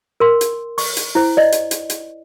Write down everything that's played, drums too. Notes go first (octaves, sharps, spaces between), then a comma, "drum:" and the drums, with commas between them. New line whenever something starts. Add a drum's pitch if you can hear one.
A#4 C6
drum: hi-hat
C#6, drum: open hi-hat
drum: hi-hat
E4 C5
D5 D#5
drum: hi-hat
drum: hi-hat
drum: hi-hat